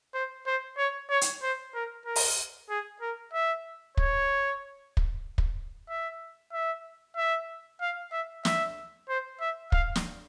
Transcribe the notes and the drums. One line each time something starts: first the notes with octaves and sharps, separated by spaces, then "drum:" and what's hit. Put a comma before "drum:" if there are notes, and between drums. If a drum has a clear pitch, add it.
C5
C5
C#5
C#5
drum: hi-hat
C5
A#4
A#4
drum: open hi-hat
G#4
A#4
E5
C#5, drum: kick
drum: kick
drum: kick
E5
E5
E5
F5
E5
E5, drum: snare
C5
E5
F5, drum: kick
drum: snare